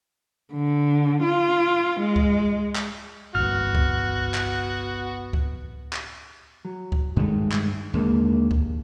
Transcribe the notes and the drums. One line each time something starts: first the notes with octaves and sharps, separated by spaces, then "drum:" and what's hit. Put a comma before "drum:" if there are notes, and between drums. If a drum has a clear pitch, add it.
D3
F4
G#3
drum: kick C#2
drum: clap
G1 C2 B3 F#4 F6
drum: kick C#2
drum: clap
drum: kick C#2
drum: clap
F#3
drum: kick C#2
G2 D#3 G#3 A3
drum: clap
D#2 D3 G#3 A#3
drum: kick C#2